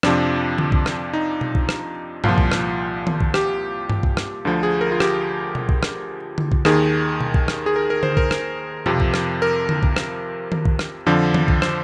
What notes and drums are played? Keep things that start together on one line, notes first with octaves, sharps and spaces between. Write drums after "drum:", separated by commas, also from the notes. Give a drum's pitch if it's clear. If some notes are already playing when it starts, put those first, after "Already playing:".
F2 C3 F3 D4, drum: rim click
drum: tom D3
drum: kick A#1
drum: rim click
D#4
drum: tom B2
drum: kick A#1
drum: rim click
C2 A#2 F3 F4, drum: tom G2
drum: kick A#1
drum: rim click
drum: tom D#3
drum: kick A#1
G4, drum: rim click
drum: tom G2
drum: kick A#1
drum: rim click
D2 D3 F3
G#4
A#4
F4
G4, drum: rim click
drum: tom B2
drum: kick A#1
drum: rim click
drum: tom D3
drum: kick A#1
D#2 D#3 G#4, drum: rim click
drum: tom B2
drum: kick A#1
drum: rim click
G#4
A#4
A#4
C5, drum: tom D3
A#4, drum: kick A#1
drum: rim click
F2 C3 F3, drum: tom B2
drum: kick A#1
drum: rim click
A#4
drum: tom D3
drum: kick A#1
drum: rim click
drum: tom D#3
drum: kick A#1
drum: rim click
F2 D3 F3
drum: tom D#3
drum: kick A#1
C5, drum: rim click